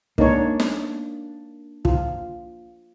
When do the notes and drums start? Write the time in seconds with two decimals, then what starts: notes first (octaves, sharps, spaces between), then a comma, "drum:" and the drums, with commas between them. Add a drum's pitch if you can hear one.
0.18 A#3 D4 D#4 C#5, drum: kick
0.60 drum: snare
1.85 F4, drum: kick